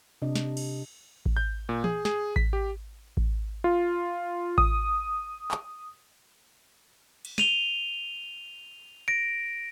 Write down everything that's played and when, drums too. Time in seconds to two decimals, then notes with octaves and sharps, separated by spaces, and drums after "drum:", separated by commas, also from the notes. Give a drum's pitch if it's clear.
0.22 C3 D4 D#5
0.36 drum: snare
0.57 drum: cymbal
1.26 drum: kick A1
1.37 G6
1.69 A#2
1.84 G#4, drum: tom E3
2.05 G#4, drum: snare
2.36 B6, drum: kick A1
2.53 G4
3.17 drum: kick A1
3.64 F4
4.58 D#6, drum: kick A1
5.51 drum: clap
7.25 drum: cymbal
7.38 D#7 F7 G7, drum: snare
9.08 A#6 D7